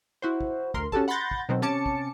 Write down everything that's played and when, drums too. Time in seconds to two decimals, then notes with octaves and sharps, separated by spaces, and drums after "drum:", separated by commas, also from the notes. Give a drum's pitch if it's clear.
0.22 E4 F#4 C5
0.41 drum: kick
0.74 D2 A#4 C6, drum: kick
0.92 C#4 F#4 G4 A4 A5, drum: kick
1.08 F#5 B5 C6 G6 A6 A#6
1.31 drum: kick
1.49 B2 D#3 F#3 C4
1.62 C3 C#4 A5 D6 C#7
1.86 drum: kick